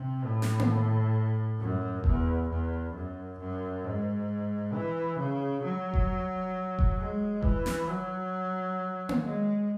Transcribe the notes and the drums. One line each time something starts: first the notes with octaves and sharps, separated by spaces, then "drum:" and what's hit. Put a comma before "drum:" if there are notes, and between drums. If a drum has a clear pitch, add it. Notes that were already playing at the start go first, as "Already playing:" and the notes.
Already playing: C3
A2
drum: snare
drum: tom A#3
F#2
E2, drum: kick F1
E2
F#2
F#2
G#2
E3
C#3
F#3
drum: kick F1
drum: kick F1
G#3
E3, drum: kick F1
drum: snare
F#3
drum: tom A#3
G#3